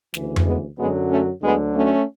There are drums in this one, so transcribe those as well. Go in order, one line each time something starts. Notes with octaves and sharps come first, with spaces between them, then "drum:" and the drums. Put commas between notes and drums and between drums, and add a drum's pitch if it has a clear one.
D2 C#3 E3, drum: snare
drum: tom F2
G#3 B3
F#2 D3 F#3 G#3 B3
A3 C#4
D2 D3 F#3 G#3 B3
A3 C#4